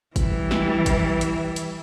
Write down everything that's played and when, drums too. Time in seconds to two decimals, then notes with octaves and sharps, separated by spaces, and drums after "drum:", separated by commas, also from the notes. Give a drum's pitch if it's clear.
0.16 E3 G3, drum: kick, hi-hat
0.51 drum: snare
0.86 drum: kick, hi-hat
1.21 drum: hi-hat
1.56 drum: hi-hat